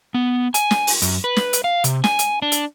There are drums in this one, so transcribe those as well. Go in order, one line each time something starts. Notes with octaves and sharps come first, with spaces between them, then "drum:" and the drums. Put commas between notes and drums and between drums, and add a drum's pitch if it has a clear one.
B3
G#5, drum: hi-hat
drum: snare
drum: open hi-hat
F#2, drum: hi-hat
B4
drum: snare
drum: hi-hat
F5
C3, drum: hi-hat
G#5, drum: snare
drum: hi-hat
D4
drum: hi-hat